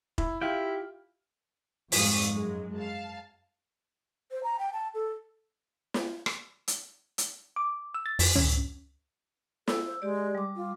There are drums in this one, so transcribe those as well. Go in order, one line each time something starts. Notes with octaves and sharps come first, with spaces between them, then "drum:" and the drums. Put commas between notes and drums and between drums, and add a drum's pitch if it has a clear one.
E4, drum: kick F1
E4 F4 G4 F5 G5 F6
F2 G#2 G3 F5 C#6 D#6, drum: open hi-hat
F#2 G#3
F5 A5
C5
A#5
G5
A5
A4
drum: snare
drum: rim click
drum: hi-hat
drum: hi-hat
D6
E6
A6
F2, drum: open hi-hat
C#4, drum: tom C#2
A4 E6, drum: snare
C5
G#3 G4 D5
G3 D6
F4